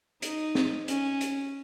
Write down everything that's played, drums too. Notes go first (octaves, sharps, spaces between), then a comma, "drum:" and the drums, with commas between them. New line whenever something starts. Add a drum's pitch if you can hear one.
D#4, drum: hi-hat
drum: snare
C#4, drum: hi-hat
drum: hi-hat